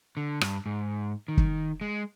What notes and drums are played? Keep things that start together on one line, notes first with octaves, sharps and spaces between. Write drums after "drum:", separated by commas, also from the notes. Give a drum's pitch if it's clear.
D3
G2, drum: rim click
G#2
D#3
drum: kick
G#3